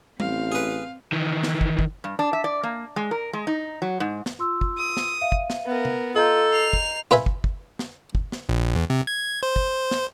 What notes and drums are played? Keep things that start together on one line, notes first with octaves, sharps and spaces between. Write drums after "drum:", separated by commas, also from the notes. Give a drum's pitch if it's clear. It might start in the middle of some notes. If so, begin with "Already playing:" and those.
A1 C4 F5, drum: tom
G#4 B4
D#3 E3
drum: snare
drum: kick
drum: kick
G2
D4
E5
D5
A#3
G#3
A#4
G#3
D#4
F#3
G#2
drum: snare
F4 C6 E6
drum: kick
D#6
drum: snare
E5 F5 D#7
drum: kick
drum: snare
B3 A#4
drum: tom C3
F4 A4 D#5 A#5 G6
C7 F7
drum: kick
F4 B4 E5 G#5, drum: snare
drum: kick
drum: kick
drum: snare
drum: kick
drum: snare
A#1
E2
C3
G#6
C5
drum: kick
drum: snare